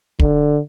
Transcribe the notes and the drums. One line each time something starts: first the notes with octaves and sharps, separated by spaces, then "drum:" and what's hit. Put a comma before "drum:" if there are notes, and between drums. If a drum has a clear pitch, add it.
D3, drum: kick